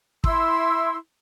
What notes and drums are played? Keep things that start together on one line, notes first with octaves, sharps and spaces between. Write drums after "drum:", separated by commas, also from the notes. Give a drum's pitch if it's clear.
E4 C6 E6, drum: kick